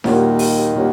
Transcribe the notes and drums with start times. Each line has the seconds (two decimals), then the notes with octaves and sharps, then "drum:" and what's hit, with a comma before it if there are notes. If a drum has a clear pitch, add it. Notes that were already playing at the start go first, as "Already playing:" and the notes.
0.04 D#2 A#2 D#3 G3 A#3 C#4 F#4, drum: snare D4
0.39 drum: open hi-hat
0.74 A#2 G3 A#3 C#4 F#4